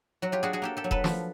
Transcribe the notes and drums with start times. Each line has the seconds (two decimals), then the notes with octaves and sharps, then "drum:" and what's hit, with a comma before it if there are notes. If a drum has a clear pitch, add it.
0.22 F#3 F#4
0.32 F4 G4
0.43 D4 F#4 G#4
0.53 F#4 G#4
0.62 A#3 G4 A4
0.77 G4 A4
0.84 F#3
0.91 A4 B4, drum: kick E1
1.04 F3, drum: snare